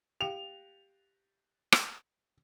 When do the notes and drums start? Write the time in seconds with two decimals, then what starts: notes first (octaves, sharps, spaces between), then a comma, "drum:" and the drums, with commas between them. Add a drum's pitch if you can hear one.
0.21 G4 F5 G5 F7
1.72 drum: rim click